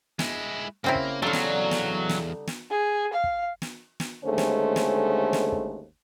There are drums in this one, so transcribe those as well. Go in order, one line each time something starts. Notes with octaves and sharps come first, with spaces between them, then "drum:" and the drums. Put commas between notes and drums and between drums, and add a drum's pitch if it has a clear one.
G#3 E4, drum: snare
C#3 A#3 C4 E4
drum: kick
E2 D3 F#3 G3 D#4 F4 A4 F5
drum: snare
drum: snare
drum: snare
drum: snare
G#4
F5
drum: kick
drum: snare
drum: snare
D#2 D3 G#3 A3 C#4 C5
drum: snare
drum: snare
drum: snare
drum: kick